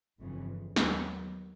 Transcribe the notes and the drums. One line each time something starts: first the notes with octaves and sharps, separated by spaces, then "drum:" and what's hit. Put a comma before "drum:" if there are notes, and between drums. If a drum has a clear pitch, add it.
G1 F2 C#3 E3
D#2 D#3 F#3 B3, drum: snare